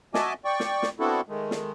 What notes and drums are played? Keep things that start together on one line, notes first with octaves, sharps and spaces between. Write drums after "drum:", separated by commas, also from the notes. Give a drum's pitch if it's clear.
F#4 D#5 E5 G#5 A5 D6, drum: snare
D5 G5 C#6
drum: snare
drum: snare
B3 C4 D4 E4 F#4 A4
D#3 G#3 A3
drum: snare